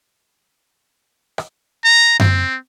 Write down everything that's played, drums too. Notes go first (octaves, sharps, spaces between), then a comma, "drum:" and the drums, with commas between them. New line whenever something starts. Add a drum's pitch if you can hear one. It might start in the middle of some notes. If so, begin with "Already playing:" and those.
drum: rim click
A#5
C4, drum: tom F#2